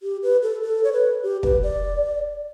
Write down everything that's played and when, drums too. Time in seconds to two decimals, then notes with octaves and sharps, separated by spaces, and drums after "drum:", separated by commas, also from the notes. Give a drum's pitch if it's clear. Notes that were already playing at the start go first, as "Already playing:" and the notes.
0.03 G4
0.23 B4
0.43 A4
0.63 A4
0.84 C#5
0.93 B4
1.23 G4
1.43 B4, drum: kick
1.63 D5